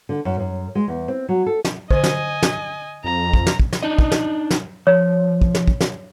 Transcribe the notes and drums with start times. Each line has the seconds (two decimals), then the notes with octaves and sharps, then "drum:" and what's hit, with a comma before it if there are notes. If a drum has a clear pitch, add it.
0.09 D3
0.25 F#2
0.39 F#2
0.75 G#3
0.88 E2
1.08 C4
1.29 F#3
1.46 A4
1.65 drum: snare
1.91 D3 C5 D#5 G#5, drum: kick
2.04 drum: snare
2.43 drum: snare
3.04 F2 A#5
3.34 drum: kick
3.47 drum: snare
3.60 drum: kick
3.73 drum: snare
3.83 D4 D#4 D#5
3.99 drum: kick
4.12 drum: snare
4.51 drum: snare
4.87 F3 C#5
5.42 drum: kick
5.55 drum: snare
5.68 drum: kick
5.81 drum: snare